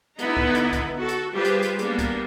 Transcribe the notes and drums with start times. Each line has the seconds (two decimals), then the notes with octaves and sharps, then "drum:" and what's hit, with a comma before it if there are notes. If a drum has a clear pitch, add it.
0.19 D3 B3 D#4 E4 B4 A#5, drum: hi-hat
0.37 drum: kick C2
0.55 drum: hi-hat
0.73 drum: kick C2, hi-hat
0.97 F#4 A4
1.09 drum: hi-hat
1.33 G3 F4 G4 G#4 B4 C5
1.45 drum: hi-hat
1.63 drum: hi-hat
1.79 G3 A#3 B3 D4, drum: hi-hat
1.99 drum: kick C2, hi-hat